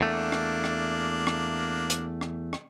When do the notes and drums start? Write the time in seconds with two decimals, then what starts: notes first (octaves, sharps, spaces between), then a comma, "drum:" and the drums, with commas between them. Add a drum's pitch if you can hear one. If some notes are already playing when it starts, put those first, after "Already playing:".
0.01 E2 A3 A#3 D4
0.32 drum: rim click
0.64 drum: rim click
1.27 drum: rim click
1.90 drum: hi-hat
2.21 drum: rim click
2.53 drum: rim click